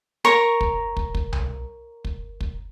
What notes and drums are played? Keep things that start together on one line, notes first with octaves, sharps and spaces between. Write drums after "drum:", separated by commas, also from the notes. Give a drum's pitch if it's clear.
A#4 C#5 A#5 C#6
drum: kick
drum: kick
drum: kick
drum: tom C2
drum: kick
drum: kick